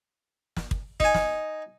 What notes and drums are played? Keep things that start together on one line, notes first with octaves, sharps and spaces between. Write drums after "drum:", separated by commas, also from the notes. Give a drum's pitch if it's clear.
drum: snare
drum: kick
D#4 G#5, drum: kick
drum: snare